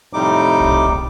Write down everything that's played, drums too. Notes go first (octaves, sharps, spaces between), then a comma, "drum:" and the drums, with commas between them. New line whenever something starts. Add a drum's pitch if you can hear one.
F2 A2 C3 G3 D#4 D6
drum: kick
drum: kick